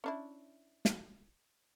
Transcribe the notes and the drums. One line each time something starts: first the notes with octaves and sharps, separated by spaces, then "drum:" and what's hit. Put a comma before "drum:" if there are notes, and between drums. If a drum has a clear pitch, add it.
C#4 D4 E4
drum: snare